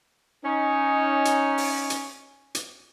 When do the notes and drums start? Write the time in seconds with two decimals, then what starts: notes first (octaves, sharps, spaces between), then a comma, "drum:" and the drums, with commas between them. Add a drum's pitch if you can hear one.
0.44 C#4 D#4
1.25 drum: hi-hat
1.58 drum: open hi-hat
1.90 drum: hi-hat
2.55 drum: hi-hat